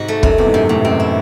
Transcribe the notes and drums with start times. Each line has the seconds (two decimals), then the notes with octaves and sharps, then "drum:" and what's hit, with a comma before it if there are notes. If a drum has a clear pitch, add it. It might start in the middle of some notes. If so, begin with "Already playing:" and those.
Already playing: G#2 C3 F#4
0.08 A3
0.23 F#2 F#3, drum: kick
0.38 E2 C3
0.47 G#2
0.53 F#2 C3
0.69 A2 C3
0.85 F#2 C4
1.00 E4